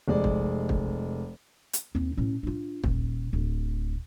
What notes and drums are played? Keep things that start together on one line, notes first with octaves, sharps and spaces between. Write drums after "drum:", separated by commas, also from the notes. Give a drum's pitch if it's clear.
F1 G#3 D5
drum: kick
drum: kick
drum: hi-hat
D#2 C4
A2 C#4
D4 F4
D#1, drum: kick
D1